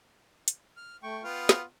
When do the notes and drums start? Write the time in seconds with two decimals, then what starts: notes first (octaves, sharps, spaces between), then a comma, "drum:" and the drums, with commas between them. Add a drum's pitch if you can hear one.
0.48 drum: hi-hat
0.77 F6
1.03 A3 G5 C#6
1.24 B3 F4 B4 G5
1.49 drum: snare